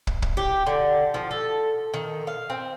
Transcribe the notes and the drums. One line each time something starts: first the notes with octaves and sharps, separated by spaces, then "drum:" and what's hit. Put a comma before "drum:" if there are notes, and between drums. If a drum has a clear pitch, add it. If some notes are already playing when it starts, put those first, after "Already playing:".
drum: kick
drum: kick
G4
D3
F3
A4
D#3
F5
C4